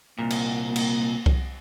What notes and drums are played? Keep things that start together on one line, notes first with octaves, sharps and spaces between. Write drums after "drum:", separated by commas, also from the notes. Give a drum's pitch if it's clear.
C2 A#2 A#3
drum: cymbal
drum: cymbal
drum: kick C2